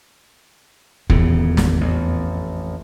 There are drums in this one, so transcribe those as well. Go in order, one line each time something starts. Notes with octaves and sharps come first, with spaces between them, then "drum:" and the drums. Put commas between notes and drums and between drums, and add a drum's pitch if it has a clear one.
D#1 E2 A2 C#3, drum: kick
drum: snare
A1 F2